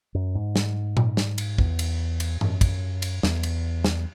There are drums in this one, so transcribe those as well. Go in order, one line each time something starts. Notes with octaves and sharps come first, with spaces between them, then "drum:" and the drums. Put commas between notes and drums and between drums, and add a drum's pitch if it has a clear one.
F#2
G#2
drum: snare
drum: tom A#2
drum: snare
drum: cymbal
E2, drum: kick
drum: cymbal
drum: cymbal
F#2, drum: tom G#2
drum: kick, cymbal
drum: cymbal
E2, drum: snare
drum: cymbal
drum: snare